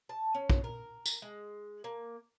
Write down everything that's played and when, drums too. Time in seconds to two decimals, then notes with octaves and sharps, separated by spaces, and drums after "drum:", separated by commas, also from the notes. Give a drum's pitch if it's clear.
0.09 A5
0.35 C#4
0.50 drum: kick
0.64 A#4
1.06 drum: tambourine
1.22 G#3
1.84 A#3